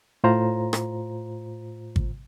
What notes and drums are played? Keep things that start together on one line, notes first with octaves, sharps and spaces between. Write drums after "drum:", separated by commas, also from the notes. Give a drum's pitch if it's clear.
A2 F4 C5 A#5
drum: rim click
drum: kick